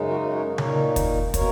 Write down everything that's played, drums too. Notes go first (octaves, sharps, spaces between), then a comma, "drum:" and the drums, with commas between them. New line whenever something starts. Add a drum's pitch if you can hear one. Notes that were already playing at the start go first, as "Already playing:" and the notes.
Already playing: F#2 C#3 G#3 D#4
F#4 A#4
A#4 C#5
A#2 A#3 D#4 A#4 C#5, drum: tom C#3
drum: kick, hi-hat
B2 A#3 A#4 C#5, drum: kick, hi-hat